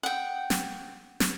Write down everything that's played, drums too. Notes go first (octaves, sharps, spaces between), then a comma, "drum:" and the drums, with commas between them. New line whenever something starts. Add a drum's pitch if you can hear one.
F#5 G5
drum: snare
drum: snare